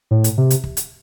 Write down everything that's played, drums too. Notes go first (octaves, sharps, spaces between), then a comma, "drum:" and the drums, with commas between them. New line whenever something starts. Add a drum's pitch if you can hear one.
A2
drum: hi-hat
C3
drum: hi-hat
drum: kick
drum: hi-hat